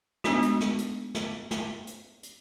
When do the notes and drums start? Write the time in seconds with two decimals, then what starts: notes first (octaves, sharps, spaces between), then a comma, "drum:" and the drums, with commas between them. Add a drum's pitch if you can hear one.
0.24 G#3 B3 D4 D#4 F#4, drum: snare
0.42 drum: hi-hat
0.60 drum: snare
0.78 drum: hi-hat
1.15 drum: snare
1.51 drum: snare
1.87 drum: hi-hat
2.23 drum: hi-hat